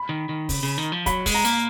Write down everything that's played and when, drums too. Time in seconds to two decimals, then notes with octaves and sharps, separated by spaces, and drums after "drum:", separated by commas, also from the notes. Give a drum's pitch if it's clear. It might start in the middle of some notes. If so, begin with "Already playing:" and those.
Already playing: B5
0.09 D#3
0.29 D#3
0.49 C#3, drum: kick, open hi-hat
0.63 C#3
0.78 D#3
0.92 F3
1.06 F#3 B5, drum: kick, hi-hat
1.26 G#3, drum: kick, open hi-hat
1.34 A#5
1.45 A#3, drum: hi-hat